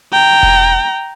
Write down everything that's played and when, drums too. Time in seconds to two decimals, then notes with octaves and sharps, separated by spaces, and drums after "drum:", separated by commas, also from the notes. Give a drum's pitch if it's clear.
0.13 G5 A#5
0.43 drum: kick E1